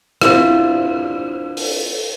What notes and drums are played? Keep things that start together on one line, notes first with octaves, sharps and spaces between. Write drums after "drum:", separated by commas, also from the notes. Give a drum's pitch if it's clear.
C4 D4 E4 F4, drum: rim click
drum: open hi-hat